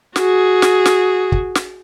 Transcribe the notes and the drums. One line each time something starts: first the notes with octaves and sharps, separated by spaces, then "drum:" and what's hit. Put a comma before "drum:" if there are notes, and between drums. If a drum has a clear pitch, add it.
F#4 G#4, drum: snare
drum: snare
drum: snare
drum: kick
drum: snare